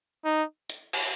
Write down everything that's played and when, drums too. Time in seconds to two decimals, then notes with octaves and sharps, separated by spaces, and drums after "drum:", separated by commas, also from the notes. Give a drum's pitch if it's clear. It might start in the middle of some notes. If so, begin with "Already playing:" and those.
0.25 D#4
0.70 drum: hi-hat
0.93 drum: cymbal